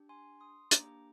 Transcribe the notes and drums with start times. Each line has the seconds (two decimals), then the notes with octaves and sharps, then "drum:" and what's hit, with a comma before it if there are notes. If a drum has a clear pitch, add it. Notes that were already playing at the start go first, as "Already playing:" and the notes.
Already playing: D4 G4
0.09 G#5 C6
0.40 C6 D#6
0.71 A#3 D4 G4 A#5 D6, drum: hi-hat